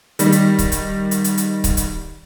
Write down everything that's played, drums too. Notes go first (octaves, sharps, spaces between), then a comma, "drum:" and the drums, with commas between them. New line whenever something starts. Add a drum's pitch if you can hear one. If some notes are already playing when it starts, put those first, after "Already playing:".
D#3 G3, drum: hi-hat
drum: hi-hat
drum: kick C#1, hi-hat
drum: hi-hat
drum: hi-hat
drum: hi-hat
drum: hi-hat
drum: kick C#1, hi-hat
drum: hi-hat